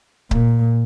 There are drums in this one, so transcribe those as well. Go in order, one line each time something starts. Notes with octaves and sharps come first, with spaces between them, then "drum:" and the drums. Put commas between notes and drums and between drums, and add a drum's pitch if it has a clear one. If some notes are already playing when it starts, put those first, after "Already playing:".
A#2, drum: kick C#1